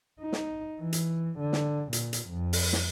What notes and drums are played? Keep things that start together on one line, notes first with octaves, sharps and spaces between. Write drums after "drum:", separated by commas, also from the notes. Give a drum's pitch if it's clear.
D#4
drum: snare
E3
drum: hi-hat
D3
drum: snare
A#2, drum: hi-hat
drum: hi-hat
F2
drum: open hi-hat
drum: snare